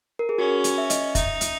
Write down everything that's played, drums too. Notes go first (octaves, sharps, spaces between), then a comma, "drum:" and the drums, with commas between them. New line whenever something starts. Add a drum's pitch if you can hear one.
A#4
G#4
C#4 F#4
drum: hi-hat
E5
D#5, drum: hi-hat
D#4 E5, drum: kick, hi-hat
drum: hi-hat